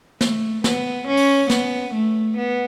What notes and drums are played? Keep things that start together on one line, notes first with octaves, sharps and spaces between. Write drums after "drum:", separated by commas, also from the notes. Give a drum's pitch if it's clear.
A3, drum: snare
B3, drum: snare
C#4
drum: open hi-hat
B3, drum: snare
A3
B3